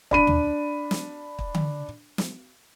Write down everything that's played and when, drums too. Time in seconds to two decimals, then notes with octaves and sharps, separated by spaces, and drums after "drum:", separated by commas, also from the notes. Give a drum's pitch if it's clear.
0.11 D4 B5 D#7, drum: kick
0.27 drum: tom
0.91 drum: snare
1.39 drum: kick
1.54 drum: tom D3
2.18 drum: snare